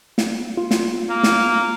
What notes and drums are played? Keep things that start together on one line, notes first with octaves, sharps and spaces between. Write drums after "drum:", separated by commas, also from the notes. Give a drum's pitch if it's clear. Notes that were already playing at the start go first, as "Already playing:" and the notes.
drum: snare
F4
drum: snare
A#3
drum: snare